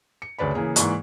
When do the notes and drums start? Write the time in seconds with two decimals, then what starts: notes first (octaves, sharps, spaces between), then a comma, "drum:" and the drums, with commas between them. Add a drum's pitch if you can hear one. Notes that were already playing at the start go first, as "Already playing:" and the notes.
0.22 C#7
0.38 D2 C#3 B4 D5 B5
0.55 C#3 E3 A#3 G#4
0.76 G#2 E3 A#3 D5 C#6, drum: hi-hat